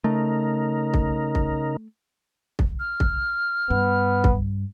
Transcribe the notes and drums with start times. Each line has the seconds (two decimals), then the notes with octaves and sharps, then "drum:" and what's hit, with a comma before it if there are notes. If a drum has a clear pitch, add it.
0.04 C#3 A3 D#4 A#4
0.94 drum: kick
1.35 drum: kick
2.59 drum: kick
2.79 F6
3.00 drum: kick
3.70 G2 B3
4.24 drum: kick